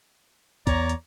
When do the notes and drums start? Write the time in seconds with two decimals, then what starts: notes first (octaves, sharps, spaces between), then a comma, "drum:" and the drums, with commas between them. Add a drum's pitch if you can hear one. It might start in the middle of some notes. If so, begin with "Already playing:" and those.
0.67 E2 B3 C#5 D5 A#5, drum: kick, hi-hat
0.89 drum: hi-hat